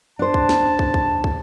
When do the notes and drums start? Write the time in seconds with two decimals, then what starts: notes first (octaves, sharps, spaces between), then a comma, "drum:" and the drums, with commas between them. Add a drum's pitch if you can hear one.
0.19 D4 C5 A5
0.34 drum: kick
0.49 drum: snare
0.79 drum: kick
0.94 drum: kick
1.24 drum: kick